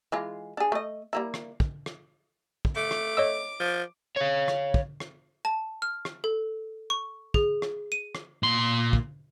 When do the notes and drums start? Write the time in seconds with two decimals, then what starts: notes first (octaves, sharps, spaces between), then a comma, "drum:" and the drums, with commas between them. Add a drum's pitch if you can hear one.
0.12 E3 G#3 F4
0.57 D4 G#4
0.72 A3 D#5
1.13 G3 A#3 E4
1.34 drum: rim click
1.60 drum: kick
1.86 drum: rim click
2.65 drum: kick
2.76 A3 D6
2.91 drum: rim click
3.17 C#5 D#5 E6
3.60 F3
4.16 C#5 F5
4.48 drum: rim click
4.74 drum: kick
5.00 drum: rim click
5.45 A5
5.82 F6
6.05 drum: rim click
6.24 A4
6.90 C#6
7.34 G#4, drum: kick
7.62 drum: rim click
7.92 D#7
8.15 drum: rim click
8.43 A#2 C6
8.93 drum: kick